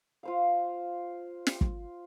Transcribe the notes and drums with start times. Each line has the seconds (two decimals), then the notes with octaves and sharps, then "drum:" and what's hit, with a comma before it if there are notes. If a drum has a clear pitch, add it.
0.23 F4 C5 F5
1.47 drum: snare
1.61 drum: kick